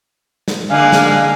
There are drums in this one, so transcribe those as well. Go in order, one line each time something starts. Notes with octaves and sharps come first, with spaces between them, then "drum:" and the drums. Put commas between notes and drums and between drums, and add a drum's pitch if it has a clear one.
drum: snare
D3 G#3 A#3 F5 G#5
drum: snare